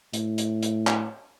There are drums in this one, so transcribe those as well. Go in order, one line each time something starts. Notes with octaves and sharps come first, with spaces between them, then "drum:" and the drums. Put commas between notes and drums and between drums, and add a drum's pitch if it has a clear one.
A2, drum: hi-hat
drum: hi-hat
drum: hi-hat
drum: clap